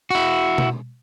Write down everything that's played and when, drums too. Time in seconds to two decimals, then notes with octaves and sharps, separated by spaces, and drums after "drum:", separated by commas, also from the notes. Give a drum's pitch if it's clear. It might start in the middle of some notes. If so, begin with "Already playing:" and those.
0.11 E4 F#4
0.58 drum: tom B2